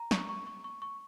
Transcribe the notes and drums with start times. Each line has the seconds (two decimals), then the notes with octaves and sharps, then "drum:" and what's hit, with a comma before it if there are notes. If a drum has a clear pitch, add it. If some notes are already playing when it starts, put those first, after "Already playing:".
Already playing: A#5
0.11 C#6, drum: snare
0.29 C#6
0.47 C#6
0.64 C#6
0.82 C#6